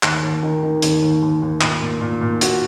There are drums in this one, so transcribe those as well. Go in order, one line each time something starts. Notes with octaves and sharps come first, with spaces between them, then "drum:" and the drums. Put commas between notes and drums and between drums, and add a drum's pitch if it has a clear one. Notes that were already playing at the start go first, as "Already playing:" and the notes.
D#2, drum: clap
D#2
D#3
D#3
D#2, drum: hi-hat
D#2
D#2
D#2
A#2, drum: clap
A#2
A#2
A#2
F#4, drum: hi-hat